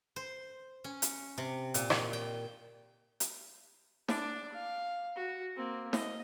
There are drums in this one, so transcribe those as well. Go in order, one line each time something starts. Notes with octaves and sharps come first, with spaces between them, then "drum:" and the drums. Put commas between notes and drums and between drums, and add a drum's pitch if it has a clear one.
C5
C#4
drum: hi-hat
C3
A#2, drum: hi-hat
drum: rim click
G5
drum: hi-hat
D4 D6, drum: snare
F5
F#4
A#3 C4
D#5, drum: snare